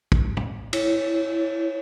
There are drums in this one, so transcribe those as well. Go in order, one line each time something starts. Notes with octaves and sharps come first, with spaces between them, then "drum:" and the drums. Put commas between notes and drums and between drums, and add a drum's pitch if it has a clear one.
drum: kick
drum: tom
E4 C#5, drum: cymbal